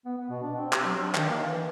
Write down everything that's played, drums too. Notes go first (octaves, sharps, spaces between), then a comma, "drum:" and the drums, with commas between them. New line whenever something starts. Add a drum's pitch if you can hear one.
B3
B3
B2
D4
C4
G4, drum: clap
F#3
D4
D#3, drum: clap
A#3
E3